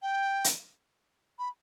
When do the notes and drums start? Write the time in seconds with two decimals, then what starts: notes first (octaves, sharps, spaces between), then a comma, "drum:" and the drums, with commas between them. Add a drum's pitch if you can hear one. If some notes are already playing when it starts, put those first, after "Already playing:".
0.02 G5
0.44 drum: hi-hat
1.39 B5